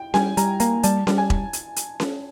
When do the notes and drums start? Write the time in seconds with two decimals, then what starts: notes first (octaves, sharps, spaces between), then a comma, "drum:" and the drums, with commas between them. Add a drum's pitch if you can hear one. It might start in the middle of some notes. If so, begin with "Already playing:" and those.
Already playing: G5
0.14 G3 G#5, drum: snare C#4
0.37 G3 A#5, drum: hi-hat
0.60 A#3 A#5, drum: hi-hat
0.83 G3 A5, drum: hi-hat
1.07 G3, drum: snare C#4
1.18 G#5
1.30 drum: kick E1
1.53 drum: hi-hat
1.76 drum: hi-hat
2.00 drum: snare C#4